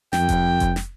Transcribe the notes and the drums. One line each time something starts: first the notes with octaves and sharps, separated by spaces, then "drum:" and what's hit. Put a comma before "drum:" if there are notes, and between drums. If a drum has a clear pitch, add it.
F2 G5, drum: snare
drum: kick F1, hi-hat
drum: kick F1, hi-hat
drum: snare